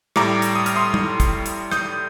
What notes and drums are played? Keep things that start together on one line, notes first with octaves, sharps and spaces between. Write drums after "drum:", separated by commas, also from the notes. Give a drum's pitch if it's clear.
A2 G3 A#5 D6, drum: rim click
drum: hi-hat
D#6
F6, drum: hi-hat
C6 D#6
drum: tom G3
drum: kick, hi-hat
drum: hi-hat
D#6 G6, drum: rim click